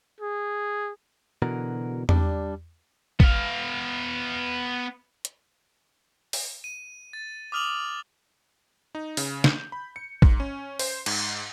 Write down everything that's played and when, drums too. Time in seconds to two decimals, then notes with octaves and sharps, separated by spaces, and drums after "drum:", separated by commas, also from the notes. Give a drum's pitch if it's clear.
0.21 G#4
1.42 B2 D3 E3 F#4 A#4
2.09 G3 D4, drum: tom E2
3.20 B3 F5, drum: kick
5.25 drum: hi-hat
6.33 drum: open hi-hat
6.64 D#7
7.13 A6
7.52 D6 D#6 F6 F7 F#7
8.95 D#4
9.17 C#3, drum: open hi-hat
9.44 G6, drum: snare
9.72 B5
9.96 C#7
10.22 G#2, drum: kick
10.40 C#4
10.79 C5, drum: open hi-hat
11.06 G#2, drum: cymbal